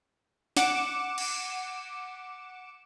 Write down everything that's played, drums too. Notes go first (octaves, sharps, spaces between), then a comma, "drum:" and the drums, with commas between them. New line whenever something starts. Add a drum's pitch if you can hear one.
F#5 D6 C#7 E7, drum: snare
drum: cymbal